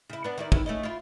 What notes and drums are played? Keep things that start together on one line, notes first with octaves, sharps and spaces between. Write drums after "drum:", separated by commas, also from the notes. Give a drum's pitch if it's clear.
C#3 E4
B3 D4
D#3 E4 D5
D#3 E3 E4, drum: kick
A3 C#4 D#5
E4 F4